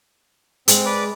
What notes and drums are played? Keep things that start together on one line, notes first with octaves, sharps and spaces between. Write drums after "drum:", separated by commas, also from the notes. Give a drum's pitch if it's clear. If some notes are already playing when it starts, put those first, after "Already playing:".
G#3 C4 G#4, drum: hi-hat
B4 D5 D6